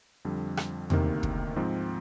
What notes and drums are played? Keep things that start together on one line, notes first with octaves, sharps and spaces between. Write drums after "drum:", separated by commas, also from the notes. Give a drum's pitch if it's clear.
F2 D3 G3
drum: rim click
D2 C3 D#3 A#3, drum: tom E2
drum: kick
G#2 F3 C4